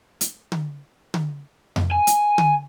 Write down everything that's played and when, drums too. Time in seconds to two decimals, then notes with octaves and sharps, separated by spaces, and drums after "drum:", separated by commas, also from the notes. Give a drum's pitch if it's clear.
0.21 drum: hi-hat
0.52 drum: tom D3
1.14 drum: tom D3
1.76 drum: tom F2
1.91 G#5
2.07 drum: hi-hat
2.38 drum: tom D3